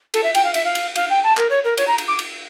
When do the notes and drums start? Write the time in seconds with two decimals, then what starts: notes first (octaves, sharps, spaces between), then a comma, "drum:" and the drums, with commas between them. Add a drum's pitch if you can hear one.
0.14 A4, drum: cymbal
0.23 E5
0.35 G5, drum: cymbal
0.44 F5
0.54 E5, drum: cymbal
0.65 F5
0.75 drum: cymbal
0.96 F5, drum: cymbal
1.10 G5
1.24 A5
1.37 A#4, drum: clap
1.50 C#5
1.64 A#4
1.77 C#5, drum: cymbal
1.87 A#5
1.98 drum: cymbal
2.08 D6
2.19 drum: cymbal